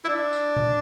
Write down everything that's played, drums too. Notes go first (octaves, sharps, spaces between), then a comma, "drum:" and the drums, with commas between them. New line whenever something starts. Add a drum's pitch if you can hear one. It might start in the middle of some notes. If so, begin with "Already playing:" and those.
E4
D4
drum: tambourine
drum: tom A#2